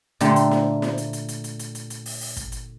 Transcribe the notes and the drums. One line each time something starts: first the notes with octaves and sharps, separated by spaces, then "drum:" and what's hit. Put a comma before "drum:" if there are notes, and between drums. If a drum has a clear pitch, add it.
A#2 D3 A3 G4, drum: hi-hat
drum: hi-hat
drum: snare
drum: snare
drum: hi-hat
drum: hi-hat
drum: hi-hat
drum: hi-hat
drum: hi-hat
drum: hi-hat
drum: hi-hat
drum: open hi-hat
drum: open hi-hat
drum: kick, hi-hat
drum: hi-hat